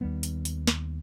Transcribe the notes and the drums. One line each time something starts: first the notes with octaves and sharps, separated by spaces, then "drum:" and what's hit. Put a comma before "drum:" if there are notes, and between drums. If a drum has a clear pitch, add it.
D#2 G3 B3
drum: hi-hat
drum: hi-hat
drum: snare